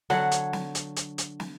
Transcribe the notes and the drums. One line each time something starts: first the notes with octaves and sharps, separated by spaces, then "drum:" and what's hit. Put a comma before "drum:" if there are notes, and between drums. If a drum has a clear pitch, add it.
D3 F#3 F#5, drum: snare
drum: hi-hat
drum: snare
drum: hi-hat
drum: hi-hat
drum: hi-hat
drum: snare